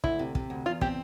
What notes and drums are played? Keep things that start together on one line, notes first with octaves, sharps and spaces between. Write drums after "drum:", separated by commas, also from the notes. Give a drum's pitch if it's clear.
D2 E4, drum: kick
C3
C3, drum: kick
D2
E2 F4
C4 G4, drum: kick